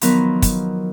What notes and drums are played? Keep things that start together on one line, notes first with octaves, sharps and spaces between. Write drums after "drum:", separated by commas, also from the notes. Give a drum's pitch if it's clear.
D#3 F3 F#3 B3 A#4 B4, drum: hi-hat
drum: kick, hi-hat